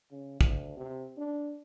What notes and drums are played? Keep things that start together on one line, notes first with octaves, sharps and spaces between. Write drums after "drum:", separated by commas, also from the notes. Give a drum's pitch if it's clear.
C#3
D2, drum: kick
C3
D4